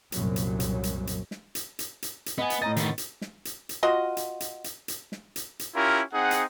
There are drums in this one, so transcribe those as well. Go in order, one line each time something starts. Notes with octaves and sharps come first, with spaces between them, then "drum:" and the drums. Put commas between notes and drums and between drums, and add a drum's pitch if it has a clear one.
C2 F#2 A#2 F#3, drum: hi-hat
drum: hi-hat
drum: hi-hat
drum: hi-hat
drum: hi-hat
drum: snare
drum: hi-hat
drum: hi-hat
drum: hi-hat
drum: hi-hat
B3 D#5 G#5
drum: hi-hat
A2 D#5 A#5 A6
D#3 B3, drum: hi-hat
drum: hi-hat
drum: snare
drum: hi-hat
drum: hi-hat
F4 F#4 D#5
drum: hi-hat
drum: hi-hat
drum: hi-hat
drum: hi-hat
drum: snare
drum: hi-hat
drum: hi-hat
C#4 E4 F4 G4 A#4
C4 D#4 G#4 F#5
drum: hi-hat